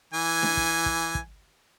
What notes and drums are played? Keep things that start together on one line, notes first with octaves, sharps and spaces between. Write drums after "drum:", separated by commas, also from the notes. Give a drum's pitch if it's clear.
E3 G#5
drum: snare D4
drum: kick
drum: kick
drum: kick